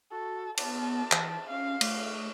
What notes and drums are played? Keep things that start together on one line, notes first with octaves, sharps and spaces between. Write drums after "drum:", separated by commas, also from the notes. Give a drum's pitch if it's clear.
F#4 A4
B3 A5, drum: cymbal
E3, drum: clap
C#4 F5
A3, drum: cymbal